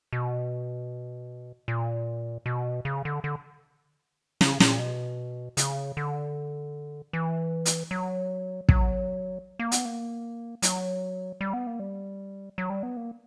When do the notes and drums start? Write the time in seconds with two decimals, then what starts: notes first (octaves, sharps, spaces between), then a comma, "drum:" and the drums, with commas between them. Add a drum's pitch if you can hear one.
0.13 B2
1.68 A#2
2.46 B2
2.85 C#3
3.05 D3
3.24 D3
4.41 C#3, drum: snare
4.60 A#2, drum: snare
4.79 B2
5.57 C#3, drum: hi-hat
5.97 D3
7.13 E3
7.66 drum: hi-hat
7.91 F#3
8.69 F#3, drum: kick
9.59 A#3
9.72 B3, drum: hi-hat
9.85 A#3
10.62 F#3, drum: hi-hat
11.41 G3
11.54 B3
11.67 A#3
11.80 G3
12.58 F#3
12.70 G3
12.83 B3
12.97 A#3